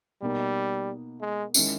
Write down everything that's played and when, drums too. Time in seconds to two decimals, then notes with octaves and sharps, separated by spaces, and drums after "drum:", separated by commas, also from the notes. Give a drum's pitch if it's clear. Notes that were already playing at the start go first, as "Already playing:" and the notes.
0.22 B2 G3 A#3 D#4
1.21 G#3
1.54 D#3 G#3 C#4 E4, drum: tambourine